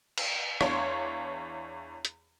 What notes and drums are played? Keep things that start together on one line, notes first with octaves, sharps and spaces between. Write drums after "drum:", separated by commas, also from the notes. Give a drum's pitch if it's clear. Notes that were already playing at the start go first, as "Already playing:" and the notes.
drum: cymbal
E2 D4 C#5 F5 C6, drum: rim click
drum: hi-hat